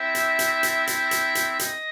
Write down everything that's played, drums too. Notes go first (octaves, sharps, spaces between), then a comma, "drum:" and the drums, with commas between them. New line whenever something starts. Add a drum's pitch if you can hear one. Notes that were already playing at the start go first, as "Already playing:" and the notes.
Already playing: C4 E4 E5
drum: hi-hat
drum: hi-hat
drum: hi-hat
E5, drum: hi-hat
drum: hi-hat
drum: hi-hat
D#5, drum: hi-hat